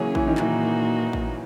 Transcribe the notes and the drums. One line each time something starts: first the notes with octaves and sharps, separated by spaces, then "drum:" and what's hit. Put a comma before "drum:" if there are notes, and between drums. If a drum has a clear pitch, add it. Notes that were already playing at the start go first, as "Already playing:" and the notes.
Already playing: C#3 E3 F#3 A#3 C#4 G#4 C#5
E3, drum: kick A1
D#3
A#2 E3 A#3 D#4 F#4, drum: clap
drum: kick A1